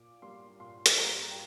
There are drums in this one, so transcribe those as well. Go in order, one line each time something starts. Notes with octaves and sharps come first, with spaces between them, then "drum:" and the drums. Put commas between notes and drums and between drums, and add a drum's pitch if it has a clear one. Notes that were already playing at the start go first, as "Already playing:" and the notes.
Already playing: A#2 D6
G3 A#3 C6
A#2 C6
drum: hi-hat
G3 A#3 A#5
G5